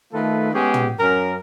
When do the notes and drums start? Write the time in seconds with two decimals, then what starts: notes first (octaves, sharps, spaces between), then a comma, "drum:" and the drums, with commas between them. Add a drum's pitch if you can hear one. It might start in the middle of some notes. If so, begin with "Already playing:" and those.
0.13 D#3 A3 F4 A4 B4
0.53 G#3 B3 C#4 G4 G#4
0.74 drum: tom
0.99 F#2 C#4 A#4